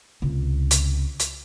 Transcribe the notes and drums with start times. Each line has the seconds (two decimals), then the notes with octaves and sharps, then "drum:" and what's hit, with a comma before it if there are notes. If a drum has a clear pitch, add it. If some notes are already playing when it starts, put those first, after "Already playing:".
0.22 C#2 C3
0.71 drum: hi-hat
1.20 drum: hi-hat